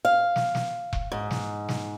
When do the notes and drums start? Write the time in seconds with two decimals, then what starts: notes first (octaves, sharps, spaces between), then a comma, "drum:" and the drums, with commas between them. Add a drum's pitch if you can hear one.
0.05 F5
0.36 drum: snare
0.55 drum: snare
0.93 drum: kick E1
1.12 G#2
1.31 drum: snare
1.69 drum: snare